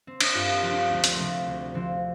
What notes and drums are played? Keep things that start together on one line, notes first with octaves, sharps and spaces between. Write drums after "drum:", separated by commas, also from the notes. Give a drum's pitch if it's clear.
C4
D4, drum: cymbal
G2 F4
C4
F3 F4
D4
D2 A3
C4, drum: hi-hat
C3 F3 A3
D2
D3 F3 C4